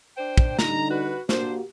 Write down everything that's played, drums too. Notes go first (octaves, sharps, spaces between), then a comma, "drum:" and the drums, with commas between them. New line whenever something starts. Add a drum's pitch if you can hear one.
D4 C5 G5
drum: kick
D3 G3 D#4 A#5, drum: snare
F#4 B4
A#3 D4 F#4 G4 C5, drum: snare